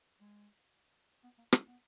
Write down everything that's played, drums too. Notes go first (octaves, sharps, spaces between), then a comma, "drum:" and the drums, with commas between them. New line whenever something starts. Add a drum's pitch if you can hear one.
G#3
B3
A#3
A#3, drum: rim click
B3